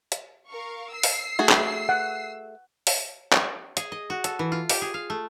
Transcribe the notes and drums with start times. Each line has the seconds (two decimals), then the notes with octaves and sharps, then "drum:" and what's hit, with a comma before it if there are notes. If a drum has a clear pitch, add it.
0.12 drum: hi-hat
0.48 A#4 F5 C#6
0.91 E6 C7
1.03 drum: open hi-hat
1.39 A3 F#4 G#4
1.49 drum: clap
1.89 F#5
2.87 drum: open hi-hat
3.33 drum: clap
3.77 G#4, drum: hi-hat
3.92 D#5
4.10 F#4
4.24 A4, drum: hi-hat
4.39 E3
4.52 F4
4.69 G4, drum: open hi-hat
4.82 G#4
4.94 F5
5.10 A3